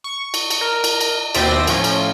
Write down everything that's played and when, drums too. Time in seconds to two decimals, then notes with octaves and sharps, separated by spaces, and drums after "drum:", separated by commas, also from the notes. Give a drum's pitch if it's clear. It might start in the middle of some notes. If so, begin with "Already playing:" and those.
0.04 C#6
0.34 drum: cymbal
0.51 drum: cymbal
0.61 A#4
0.84 drum: cymbal
1.01 drum: cymbal
1.35 D#2 B2 C4 D5 E5 A#6, drum: cymbal
1.67 A2 F3 C#4, drum: cymbal
1.84 drum: cymbal